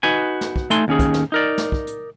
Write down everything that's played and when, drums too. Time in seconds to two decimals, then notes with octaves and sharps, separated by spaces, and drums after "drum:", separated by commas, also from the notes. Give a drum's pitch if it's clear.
0.03 D#4 F#4 B4 G#5
0.41 drum: snare
0.56 drum: kick
0.70 A3 D#4 A4 G#5 C6, drum: hi-hat
0.88 D#2 C#4 G#4
0.99 drum: kick, hi-hat
1.14 drum: snare
1.32 D#4 A#4 D5
1.58 drum: snare
1.72 drum: kick
1.87 drum: hi-hat